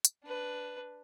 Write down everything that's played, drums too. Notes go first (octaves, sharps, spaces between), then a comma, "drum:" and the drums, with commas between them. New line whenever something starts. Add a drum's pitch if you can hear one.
drum: hi-hat
D4 B4